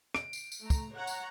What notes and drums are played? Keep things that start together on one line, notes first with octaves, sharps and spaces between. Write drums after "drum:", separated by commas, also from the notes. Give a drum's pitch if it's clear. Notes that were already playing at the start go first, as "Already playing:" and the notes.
D7, drum: rim click
drum: tambourine
drum: tambourine
A3 A#5
drum: kick, tambourine
C#5 F#5 A#5
drum: tambourine